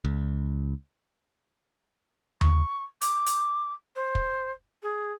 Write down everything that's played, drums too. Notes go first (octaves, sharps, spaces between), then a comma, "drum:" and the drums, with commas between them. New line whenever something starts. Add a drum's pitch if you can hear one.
C#2
C#6, drum: tom D#2
D6, drum: hi-hat
drum: hi-hat
C5
drum: kick
G#4